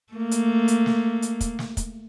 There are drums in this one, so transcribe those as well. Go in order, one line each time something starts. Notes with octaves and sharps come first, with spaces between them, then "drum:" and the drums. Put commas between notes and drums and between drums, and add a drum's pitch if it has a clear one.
A3 A#3
drum: hi-hat
drum: hi-hat
drum: snare
drum: hi-hat
drum: kick, hi-hat
drum: snare
drum: kick, hi-hat